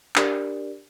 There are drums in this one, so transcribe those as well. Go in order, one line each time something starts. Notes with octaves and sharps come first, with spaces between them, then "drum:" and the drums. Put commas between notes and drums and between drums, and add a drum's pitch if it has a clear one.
D4 G4 A#4 D5, drum: clap